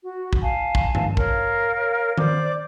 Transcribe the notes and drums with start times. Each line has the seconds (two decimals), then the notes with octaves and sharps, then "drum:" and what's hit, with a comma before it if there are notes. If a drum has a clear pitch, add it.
0.03 F#4
0.33 drum: kick
0.43 F5 G#5 A5
0.75 drum: kick
0.95 drum: tom G2
1.17 A#4 C#5 F5, drum: kick
2.18 C5 D5 D6, drum: tom D#3